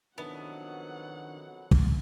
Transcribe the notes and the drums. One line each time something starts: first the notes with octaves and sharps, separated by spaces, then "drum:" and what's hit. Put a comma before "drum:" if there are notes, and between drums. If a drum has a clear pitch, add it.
F2 B2 D#3 F#3 B3 D4 E4 F#5
drum: kick